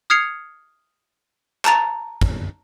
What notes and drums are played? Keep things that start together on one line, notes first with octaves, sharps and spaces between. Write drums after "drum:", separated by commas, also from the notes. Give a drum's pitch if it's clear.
D#6 F6 G#6 C7 C#7 F7
A5 A#5 A6 F7, drum: clap
drum: kick